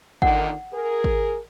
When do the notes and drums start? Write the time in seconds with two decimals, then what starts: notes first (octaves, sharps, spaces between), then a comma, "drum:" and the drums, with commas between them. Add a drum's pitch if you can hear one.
0.22 A#2 D3 D#3 F#5, drum: kick G#1
0.71 G#4 A#4
1.04 drum: kick G#1